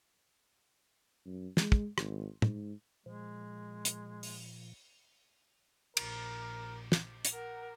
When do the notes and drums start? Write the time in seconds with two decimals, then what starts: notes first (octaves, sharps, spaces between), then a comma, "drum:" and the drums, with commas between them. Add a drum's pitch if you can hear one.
1.26 F#2
1.57 G#3, drum: snare
1.72 drum: kick
1.98 G#1, drum: rim click
2.42 G#2, drum: tom
3.06 A#2 F3 G#3
3.85 drum: hi-hat
4.23 drum: open hi-hat
5.97 A#1 A#4, drum: cymbal
6.92 drum: snare
7.25 drum: hi-hat
7.34 A#4 F#5